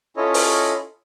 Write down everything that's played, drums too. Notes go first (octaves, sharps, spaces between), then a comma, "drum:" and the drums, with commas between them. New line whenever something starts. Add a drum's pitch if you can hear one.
C#4 E4 F4 A4 C#5 D#5
drum: open hi-hat